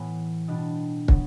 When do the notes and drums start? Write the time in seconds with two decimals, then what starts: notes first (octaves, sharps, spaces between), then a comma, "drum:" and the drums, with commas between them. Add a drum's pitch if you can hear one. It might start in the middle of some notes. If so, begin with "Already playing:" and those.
Already playing: A2 E3 B3
0.48 B2 G3 D4
1.08 F#3 B3, drum: kick